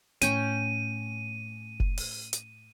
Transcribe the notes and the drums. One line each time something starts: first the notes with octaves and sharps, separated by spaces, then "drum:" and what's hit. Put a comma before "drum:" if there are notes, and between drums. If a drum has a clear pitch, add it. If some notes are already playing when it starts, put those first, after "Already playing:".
A2 C#4 G5 C#6 D#7, drum: hi-hat
drum: kick F1
drum: open hi-hat
drum: hi-hat